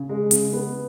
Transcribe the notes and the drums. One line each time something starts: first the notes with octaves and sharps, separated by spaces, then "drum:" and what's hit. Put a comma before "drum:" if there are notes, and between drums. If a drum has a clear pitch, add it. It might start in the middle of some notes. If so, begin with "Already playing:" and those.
Already playing: C#3
G#3
C#3, drum: hi-hat
B3